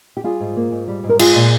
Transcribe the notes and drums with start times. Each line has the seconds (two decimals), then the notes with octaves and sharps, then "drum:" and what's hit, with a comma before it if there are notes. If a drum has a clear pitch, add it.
0.17 G4
0.24 G3 F4 G#4
0.40 G#2
0.56 A#3
0.72 G#2
0.88 G3
1.03 G#2
1.09 A#4
1.19 G#3 F4 G#4, drum: cymbal
1.35 A#2